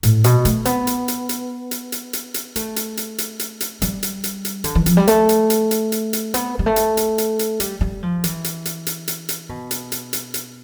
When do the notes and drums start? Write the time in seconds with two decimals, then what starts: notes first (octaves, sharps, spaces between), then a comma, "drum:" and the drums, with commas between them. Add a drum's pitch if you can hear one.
0.03 A2, drum: hi-hat
0.24 B2, drum: hi-hat
0.45 A3, drum: hi-hat
0.65 B3, drum: hi-hat
0.87 drum: hi-hat
1.08 drum: hi-hat
1.29 drum: hi-hat
1.71 drum: hi-hat
1.92 drum: hi-hat
2.13 drum: hi-hat
2.34 drum: hi-hat
2.56 A3, drum: hi-hat
2.76 drum: hi-hat
2.97 drum: hi-hat
3.18 drum: hi-hat
3.39 drum: hi-hat
3.60 drum: hi-hat
3.82 G3, drum: hi-hat
4.03 drum: hi-hat
4.24 drum: hi-hat
4.45 drum: hi-hat
4.64 D3, drum: hi-hat
4.75 E3
4.86 F3, drum: hi-hat
4.97 G3
5.07 A3, drum: hi-hat
5.29 drum: hi-hat
5.50 drum: hi-hat
5.71 drum: hi-hat
5.92 drum: hi-hat
6.13 drum: hi-hat
6.34 B3, drum: hi-hat
6.59 G3
6.66 A3
6.76 drum: hi-hat
6.97 drum: hi-hat
7.18 drum: hi-hat
7.39 drum: hi-hat
7.60 G3, drum: hi-hat
7.81 G3
8.03 F3
8.24 E3, drum: hi-hat
8.44 drum: hi-hat
8.65 drum: hi-hat
8.87 drum: hi-hat
9.08 drum: hi-hat
9.29 drum: hi-hat
9.49 B2
9.71 drum: hi-hat
9.92 drum: hi-hat
10.13 drum: hi-hat
10.34 drum: hi-hat